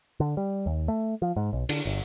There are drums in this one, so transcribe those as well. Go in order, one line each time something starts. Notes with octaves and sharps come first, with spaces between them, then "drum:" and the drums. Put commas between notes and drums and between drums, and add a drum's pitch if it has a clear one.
D3
G3
D#2
A3
F3
G#2
B1
D3, drum: cymbal
G1